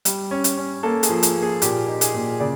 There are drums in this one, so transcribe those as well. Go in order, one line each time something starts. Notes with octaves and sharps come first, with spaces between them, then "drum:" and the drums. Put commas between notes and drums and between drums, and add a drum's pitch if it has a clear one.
G3, drum: hi-hat
C#4
drum: hi-hat
C#4
A#3 A4
G#4, drum: hi-hat
F3
drum: hi-hat
A#3
G#4
A#2 G4, drum: hi-hat
D#4
G#4, drum: hi-hat
A#2
C#3 D5